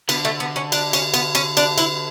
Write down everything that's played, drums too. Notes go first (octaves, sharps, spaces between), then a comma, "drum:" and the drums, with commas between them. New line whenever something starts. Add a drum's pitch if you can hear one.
D3 B3, drum: cymbal
A3
B3
C#4
D4, drum: cymbal
C#4, drum: cymbal
B3, drum: cymbal
C#4, drum: cymbal
D4, drum: cymbal
E4, drum: cymbal